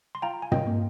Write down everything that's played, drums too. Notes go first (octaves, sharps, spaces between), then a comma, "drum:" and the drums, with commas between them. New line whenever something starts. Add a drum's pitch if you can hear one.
C6
F4 G5 A#5
G#5
D#5 G5, drum: tom
A#3